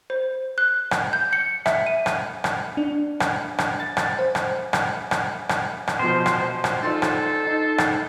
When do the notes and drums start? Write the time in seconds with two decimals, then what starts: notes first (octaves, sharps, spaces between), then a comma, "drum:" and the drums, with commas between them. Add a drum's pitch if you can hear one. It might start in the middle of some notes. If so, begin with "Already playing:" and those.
0.10 C5
0.58 F#6
0.91 drum: rim click
1.13 G6
1.33 C#7
1.66 E5, drum: rim click
1.86 D#7
2.06 drum: rim click
2.44 drum: rim click
2.77 D4
3.20 drum: rim click
3.58 drum: rim click
3.80 A6
3.97 drum: rim click
4.19 C5
4.35 drum: rim click
4.73 drum: rim click
5.11 drum: rim click
5.49 drum: rim click
5.87 drum: rim click
5.99 B2 F3 C5
6.26 drum: rim click
6.64 drum: rim click
6.83 D#4 F4 A4 D5 C6
7.02 drum: rim click
7.47 D#4
7.78 drum: rim click